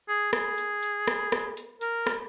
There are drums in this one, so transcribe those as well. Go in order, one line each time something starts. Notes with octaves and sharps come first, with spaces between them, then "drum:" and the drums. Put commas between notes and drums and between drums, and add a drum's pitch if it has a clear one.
G#4
G#4, drum: rim click
drum: hi-hat
drum: hi-hat
drum: rim click
drum: rim click
drum: hi-hat
A#4, drum: hi-hat
drum: rim click